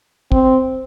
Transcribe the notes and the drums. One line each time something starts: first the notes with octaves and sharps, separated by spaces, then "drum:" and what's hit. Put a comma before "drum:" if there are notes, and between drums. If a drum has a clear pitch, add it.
C4, drum: kick